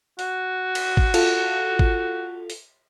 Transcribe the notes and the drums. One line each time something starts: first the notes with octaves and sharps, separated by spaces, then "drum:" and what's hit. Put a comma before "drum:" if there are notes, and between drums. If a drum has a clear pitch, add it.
F#4, drum: open hi-hat
drum: cymbal
drum: kick
F4 A4, drum: cymbal
drum: kick
drum: open hi-hat